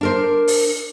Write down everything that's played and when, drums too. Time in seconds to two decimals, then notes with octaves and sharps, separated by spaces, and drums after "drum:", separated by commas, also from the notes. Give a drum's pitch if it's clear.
0.01 D4 A#4 C5
0.48 drum: open hi-hat